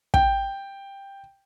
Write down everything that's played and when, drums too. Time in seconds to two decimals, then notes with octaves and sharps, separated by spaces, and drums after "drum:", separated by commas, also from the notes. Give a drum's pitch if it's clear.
0.14 G5, drum: kick